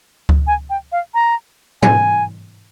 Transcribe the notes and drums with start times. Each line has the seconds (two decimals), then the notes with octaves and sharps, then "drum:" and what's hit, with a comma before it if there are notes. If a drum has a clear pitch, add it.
0.29 drum: kick C#2
0.47 G#5
0.70 G5
0.92 F5
1.14 A#5
1.82 G#5, drum: tom G#2